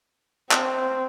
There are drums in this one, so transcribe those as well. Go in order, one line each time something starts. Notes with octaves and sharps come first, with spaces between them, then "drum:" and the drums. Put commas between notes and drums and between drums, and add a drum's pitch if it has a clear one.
C4, drum: clap